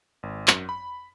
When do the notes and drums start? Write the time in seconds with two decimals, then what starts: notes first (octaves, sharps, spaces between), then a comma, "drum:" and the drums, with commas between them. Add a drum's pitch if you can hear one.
0.23 G#1
0.48 F#2, drum: clap
0.69 B5